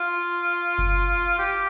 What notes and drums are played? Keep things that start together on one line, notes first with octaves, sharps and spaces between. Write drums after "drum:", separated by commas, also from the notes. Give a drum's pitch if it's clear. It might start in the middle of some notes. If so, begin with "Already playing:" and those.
Already playing: F4
drum: kick F#1
G4